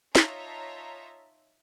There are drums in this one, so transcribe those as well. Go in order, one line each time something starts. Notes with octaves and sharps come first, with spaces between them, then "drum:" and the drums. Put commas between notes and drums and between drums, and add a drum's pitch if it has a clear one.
D#4 F4 C#5 E5 A5 A#5, drum: snare